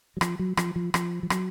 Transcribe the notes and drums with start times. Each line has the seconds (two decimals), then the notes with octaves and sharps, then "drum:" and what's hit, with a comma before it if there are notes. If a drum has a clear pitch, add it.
0.17 F#3
0.21 F3, drum: rim click
0.39 F#3
0.57 F3, drum: rim click
0.76 F3
0.94 F3, drum: rim click
1.23 F3
1.30 F#3, drum: rim click